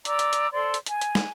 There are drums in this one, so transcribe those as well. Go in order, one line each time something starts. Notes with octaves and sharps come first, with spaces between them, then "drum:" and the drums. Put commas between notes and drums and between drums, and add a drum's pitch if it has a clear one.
D5 A#5 D6 E6, drum: hi-hat
drum: hi-hat
drum: hi-hat
A4 C5 D5 C6
drum: hi-hat
G#5, drum: hi-hat
drum: hi-hat
drum: snare